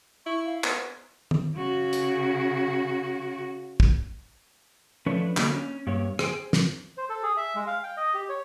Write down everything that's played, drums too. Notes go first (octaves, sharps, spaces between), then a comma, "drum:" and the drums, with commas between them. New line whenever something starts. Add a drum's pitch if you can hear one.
E4 C#6
F5
B3, drum: clap
drum: tom D#3
C#3 F#4
drum: hi-hat
drum: kick
F3 A3 C#4 D4 B4 C#5
D3 F#3 A#3 F#4, drum: clap
C#4
G2 A#3 C#5
G#4 C5 C#5 G5 G#5, drum: rim click
drum: snare
C5
A4
G#4
E5
G#3
F5
G5
D#5
G4
C#5